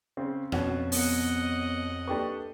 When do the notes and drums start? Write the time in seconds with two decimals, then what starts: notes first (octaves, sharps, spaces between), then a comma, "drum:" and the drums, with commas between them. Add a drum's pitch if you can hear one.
0.17 C#3 C4
0.52 F2 B2 F3 C#4 F#4, drum: rim click
0.92 B3 C#5 D#5 F#5, drum: open hi-hat
2.08 A#3 D4 G4 A4 B4 C#6